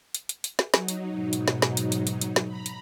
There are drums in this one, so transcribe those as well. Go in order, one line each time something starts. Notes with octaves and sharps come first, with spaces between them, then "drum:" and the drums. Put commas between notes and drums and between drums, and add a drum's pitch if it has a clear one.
drum: hi-hat
drum: hi-hat
drum: hi-hat
drum: snare
F#3 D#4, drum: snare
drum: hi-hat
G#2 B2
drum: hi-hat
drum: snare
drum: snare
drum: hi-hat
drum: hi-hat
drum: hi-hat
drum: hi-hat
drum: snare
A#5 B5
drum: hi-hat